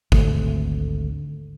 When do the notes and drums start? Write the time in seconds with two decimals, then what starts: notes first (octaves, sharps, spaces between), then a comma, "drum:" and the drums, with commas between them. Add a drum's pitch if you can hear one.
0.12 G#1 D2 A3, drum: kick G1